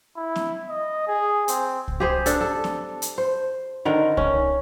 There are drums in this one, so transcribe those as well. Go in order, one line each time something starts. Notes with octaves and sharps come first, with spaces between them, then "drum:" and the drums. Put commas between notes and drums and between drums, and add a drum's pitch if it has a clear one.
E4
drum: snare
D#5
G#4
C4, drum: hi-hat
drum: kick C2
G4 G#4 C5
D4 A4, drum: hi-hat
A4
drum: snare
drum: hi-hat
C5
D3 D#3 A#4
C#4, drum: kick C2